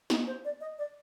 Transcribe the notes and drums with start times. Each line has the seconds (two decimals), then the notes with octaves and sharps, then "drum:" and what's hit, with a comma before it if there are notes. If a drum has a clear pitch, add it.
0.10 D#4, drum: snare
0.27 C5
0.45 D5
0.61 D#5
0.78 D5